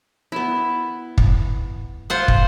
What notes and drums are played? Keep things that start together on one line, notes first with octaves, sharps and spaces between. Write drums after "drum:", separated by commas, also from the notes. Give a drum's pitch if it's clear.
B3 E4
drum: kick
F4 C5 F#5
drum: kick